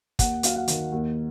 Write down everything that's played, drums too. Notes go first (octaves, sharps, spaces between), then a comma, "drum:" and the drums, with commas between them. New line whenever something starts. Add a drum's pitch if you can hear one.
D#2 F#5, drum: kick, hi-hat
F#3 F5, drum: hi-hat
F#5
D#3, drum: hi-hat
D#2